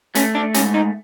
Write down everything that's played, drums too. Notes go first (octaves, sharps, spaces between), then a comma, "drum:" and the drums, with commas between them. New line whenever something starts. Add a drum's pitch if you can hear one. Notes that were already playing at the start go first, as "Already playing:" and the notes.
A3 C#4, drum: hi-hat
D4
G#2 C#4, drum: hi-hat
D#4